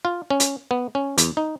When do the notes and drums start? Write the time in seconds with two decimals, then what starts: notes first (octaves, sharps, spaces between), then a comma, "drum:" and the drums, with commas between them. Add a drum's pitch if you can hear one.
0.05 F4
0.30 C#4
0.40 drum: hi-hat
0.71 B3
0.95 C#4
1.18 E2, drum: hi-hat
1.37 D#4